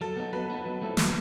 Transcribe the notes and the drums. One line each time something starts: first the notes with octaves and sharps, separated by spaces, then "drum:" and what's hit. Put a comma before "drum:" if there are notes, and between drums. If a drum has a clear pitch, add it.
F#3 A4
B3 D#4
F#3 B4
B3 D#4
F#3
A3 C4 E4 A4
F#3, drum: snare